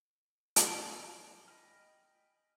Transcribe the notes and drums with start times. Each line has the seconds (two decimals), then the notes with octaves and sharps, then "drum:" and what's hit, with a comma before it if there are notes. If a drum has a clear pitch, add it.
0.56 drum: hi-hat
1.48 D#5 G5 G#5 B5 F6